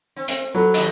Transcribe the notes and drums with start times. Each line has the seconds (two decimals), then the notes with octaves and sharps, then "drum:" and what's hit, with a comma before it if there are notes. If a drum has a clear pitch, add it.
0.16 C4
0.28 drum: hi-hat
0.55 F#3 A4 B4
0.74 D#2 G4 D#5, drum: hi-hat